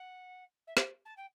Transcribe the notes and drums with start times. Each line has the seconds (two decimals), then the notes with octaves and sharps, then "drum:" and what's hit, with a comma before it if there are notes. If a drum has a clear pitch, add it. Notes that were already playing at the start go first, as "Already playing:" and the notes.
Already playing: F#5
0.67 E5
0.77 F#5, drum: snare
1.05 A5
1.17 G5